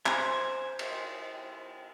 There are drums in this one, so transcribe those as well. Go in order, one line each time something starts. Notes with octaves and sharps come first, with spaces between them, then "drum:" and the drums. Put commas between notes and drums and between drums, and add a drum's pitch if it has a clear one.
C5 G#5, drum: clap
drum: cymbal